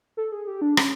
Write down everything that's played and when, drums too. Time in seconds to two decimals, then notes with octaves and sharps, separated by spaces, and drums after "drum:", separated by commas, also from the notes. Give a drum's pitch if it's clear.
0.17 A4
0.32 G#4
0.47 G4
0.62 D4
0.77 C#4, drum: rim click